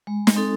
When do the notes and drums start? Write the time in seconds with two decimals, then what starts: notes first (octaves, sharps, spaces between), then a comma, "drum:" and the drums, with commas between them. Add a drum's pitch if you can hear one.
0.07 G#3
0.27 drum: snare
0.36 C4 D#4 A4